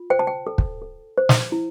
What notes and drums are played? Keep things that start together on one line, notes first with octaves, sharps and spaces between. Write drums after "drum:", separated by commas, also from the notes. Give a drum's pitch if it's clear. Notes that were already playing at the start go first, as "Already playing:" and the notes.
Already playing: F4
C5 G5
A5
G5
A4
drum: kick
A4
C5
drum: snare
E4